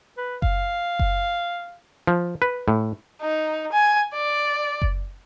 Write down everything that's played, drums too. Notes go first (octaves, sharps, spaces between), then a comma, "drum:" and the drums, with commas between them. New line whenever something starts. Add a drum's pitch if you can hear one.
B4
F5, drum: kick F#1
drum: kick F#1
F3
B4
A2
D#4
G#5
D5
drum: kick F#1